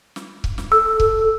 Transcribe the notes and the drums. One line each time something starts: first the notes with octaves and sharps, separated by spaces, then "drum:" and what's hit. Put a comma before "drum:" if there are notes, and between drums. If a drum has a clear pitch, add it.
drum: snare
drum: kick C#1
drum: snare
A4 E6
drum: kick C#1